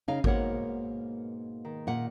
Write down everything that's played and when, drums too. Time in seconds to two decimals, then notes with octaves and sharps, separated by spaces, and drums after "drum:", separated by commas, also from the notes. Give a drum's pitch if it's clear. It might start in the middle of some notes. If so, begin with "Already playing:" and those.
0.08 C#3 D#4 F5
0.24 G#2 B2 A#3 A#4 C#5 F#5, drum: kick
1.65 D#3
1.87 A#2 F#5